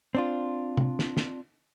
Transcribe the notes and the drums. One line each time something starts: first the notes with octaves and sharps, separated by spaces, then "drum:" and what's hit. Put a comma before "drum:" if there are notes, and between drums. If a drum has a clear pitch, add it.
C4 D4 F4
drum: tom C3
drum: snare
drum: snare